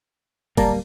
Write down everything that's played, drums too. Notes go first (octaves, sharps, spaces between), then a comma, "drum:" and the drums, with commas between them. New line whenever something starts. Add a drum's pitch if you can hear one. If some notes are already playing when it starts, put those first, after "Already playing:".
D1 G3 A#3 D5 A5 A#5, drum: kick, cymbal